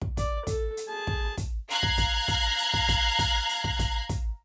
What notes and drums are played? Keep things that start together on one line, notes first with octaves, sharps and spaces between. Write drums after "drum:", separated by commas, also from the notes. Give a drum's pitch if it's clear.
drum: kick
D5, drum: kick, hi-hat
A4, drum: kick, hi-hat
drum: hi-hat
G#4 A5
drum: kick
drum: kick, hi-hat
F5 A#5 F#6 G#6 C7, drum: hi-hat
drum: kick
drum: kick, hi-hat
drum: kick, hi-hat
drum: hi-hat
drum: kick
drum: kick, hi-hat
drum: kick, hi-hat
drum: hi-hat
drum: kick
drum: kick, hi-hat
drum: kick, hi-hat